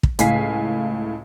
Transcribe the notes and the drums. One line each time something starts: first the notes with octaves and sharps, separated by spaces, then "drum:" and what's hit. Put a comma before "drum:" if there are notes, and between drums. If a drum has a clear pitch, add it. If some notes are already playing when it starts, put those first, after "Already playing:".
drum: kick
C#2 A2 F5 G#5 B6 C7, drum: hi-hat